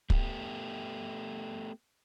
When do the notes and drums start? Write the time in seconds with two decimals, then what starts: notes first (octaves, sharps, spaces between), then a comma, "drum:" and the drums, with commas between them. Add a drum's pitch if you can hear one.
0.10 A3 B3 G4, drum: kick